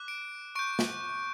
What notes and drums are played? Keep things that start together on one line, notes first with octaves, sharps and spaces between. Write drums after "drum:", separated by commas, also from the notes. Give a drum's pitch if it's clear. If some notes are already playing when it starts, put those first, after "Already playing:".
Already playing: D6 F#6
D7
C#6 G6 D7
drum: snare